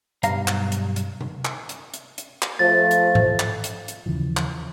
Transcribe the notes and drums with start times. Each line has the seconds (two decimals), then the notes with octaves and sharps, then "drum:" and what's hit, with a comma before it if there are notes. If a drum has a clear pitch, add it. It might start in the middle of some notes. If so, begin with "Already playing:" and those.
0.23 B1 G2 G3 F5 A#5, drum: hi-hat
0.48 drum: clap
0.72 drum: hi-hat
0.96 drum: hi-hat
1.21 drum: tom C3
1.45 drum: clap
1.69 drum: hi-hat
1.94 drum: hi-hat
2.18 drum: hi-hat
2.42 drum: clap
2.59 F3 A3 A6
2.91 drum: hi-hat
3.15 drum: tom G#2
3.40 drum: clap
3.64 drum: hi-hat
3.88 drum: hi-hat
4.06 D#2 C#3 E3 F3
4.37 drum: clap